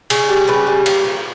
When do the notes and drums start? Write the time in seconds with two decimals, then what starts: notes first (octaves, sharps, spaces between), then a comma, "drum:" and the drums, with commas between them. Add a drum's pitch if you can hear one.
0.10 C#3, drum: cymbal
0.29 G3
0.48 C#3 B4
0.67 G3
0.86 A#3, drum: cymbal
1.04 F3